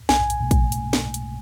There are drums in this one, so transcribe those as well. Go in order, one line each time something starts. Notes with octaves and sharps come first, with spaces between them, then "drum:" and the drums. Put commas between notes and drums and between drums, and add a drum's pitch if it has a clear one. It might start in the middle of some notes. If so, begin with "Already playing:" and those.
B1 G#5, drum: snare
drum: hi-hat
B2
drum: kick, hi-hat
drum: hi-hat
drum: snare
drum: hi-hat